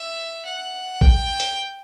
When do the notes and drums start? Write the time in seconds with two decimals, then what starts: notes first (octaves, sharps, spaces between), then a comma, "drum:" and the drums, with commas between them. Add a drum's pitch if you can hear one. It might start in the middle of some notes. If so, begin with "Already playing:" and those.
Already playing: E5
0.45 F#5
1.01 G5, drum: kick
1.40 drum: hi-hat